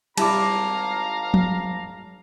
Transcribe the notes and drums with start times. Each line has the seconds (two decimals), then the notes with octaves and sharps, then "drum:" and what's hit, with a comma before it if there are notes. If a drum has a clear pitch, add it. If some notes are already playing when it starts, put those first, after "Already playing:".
0.18 G#1 G3 E4 F5 A5 A#5 D6, drum: cymbal
1.34 drum: tom